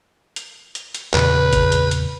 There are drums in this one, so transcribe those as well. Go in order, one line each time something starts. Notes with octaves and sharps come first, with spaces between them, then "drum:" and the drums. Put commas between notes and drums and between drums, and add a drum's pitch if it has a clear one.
drum: hi-hat
drum: hi-hat
drum: hi-hat
E2 A#2 C#3 B4, drum: clap
drum: kick G#1, hi-hat
drum: hi-hat
drum: hi-hat